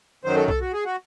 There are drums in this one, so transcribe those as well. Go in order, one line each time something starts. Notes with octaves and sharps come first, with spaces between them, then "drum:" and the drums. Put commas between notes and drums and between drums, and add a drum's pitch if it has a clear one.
F#2 D#3 F#3 C5
A4
A4, drum: kick B1
F#4
G#4
F#4